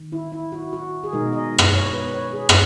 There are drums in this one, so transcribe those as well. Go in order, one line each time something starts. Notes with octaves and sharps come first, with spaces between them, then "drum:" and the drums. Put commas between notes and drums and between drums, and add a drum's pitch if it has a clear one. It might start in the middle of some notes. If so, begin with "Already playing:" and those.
Already playing: D#3
E4
E4
F#4
F#4
G#4
B2 G#3 D#4 A#4
D#5
drum: rim click
C#5
B4
C#5
G#4
drum: rim click